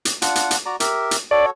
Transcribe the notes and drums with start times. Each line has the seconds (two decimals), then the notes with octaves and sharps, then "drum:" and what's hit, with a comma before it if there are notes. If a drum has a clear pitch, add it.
0.05 drum: hi-hat
0.22 D4 F4 F#5, drum: hi-hat
0.35 drum: hi-hat
0.51 drum: hi-hat
0.66 F#4 D5 A#5
0.80 G4 A#4 E5, drum: hi-hat
1.11 drum: hi-hat
1.31 F#4 A4 C#5 D5